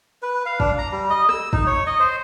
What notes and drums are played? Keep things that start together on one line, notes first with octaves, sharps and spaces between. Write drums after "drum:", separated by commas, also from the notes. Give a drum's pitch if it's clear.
B4
F5
D4, drum: kick
A#5
G3
D#5
E6, drum: rim click
D#4, drum: kick
C#5
D#5
C5